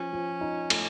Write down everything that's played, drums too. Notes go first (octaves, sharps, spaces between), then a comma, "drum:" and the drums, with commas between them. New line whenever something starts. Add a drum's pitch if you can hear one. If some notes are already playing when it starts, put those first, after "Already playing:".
Already playing: F3 C#4
F3
D#4
A3, drum: cymbal